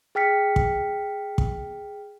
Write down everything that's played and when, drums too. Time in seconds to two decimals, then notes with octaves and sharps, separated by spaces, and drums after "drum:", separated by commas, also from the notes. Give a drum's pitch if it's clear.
0.15 G#4 G5 F6 B6 C#7
0.56 drum: kick
1.38 drum: kick